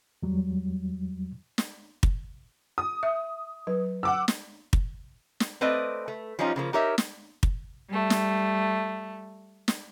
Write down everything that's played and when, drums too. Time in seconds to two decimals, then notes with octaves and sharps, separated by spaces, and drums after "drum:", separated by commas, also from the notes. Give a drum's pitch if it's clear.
0.23 E2 F#3 G3
1.58 drum: snare
2.03 drum: kick
2.78 D#6
3.03 E5
3.67 F#3 B4
4.03 F#5 D6 E6
4.28 drum: snare
4.73 drum: kick
5.40 drum: snare
5.61 A3 C4 B4 D5 D#5
6.08 A3
6.39 F3 G3 C#4 D#4 F4
6.56 C#3 F3 A#3
6.73 D#4 G4 A#4 C#5 E5
6.98 drum: snare
7.43 drum: kick
7.88 G3 A3
8.10 drum: snare
9.68 drum: snare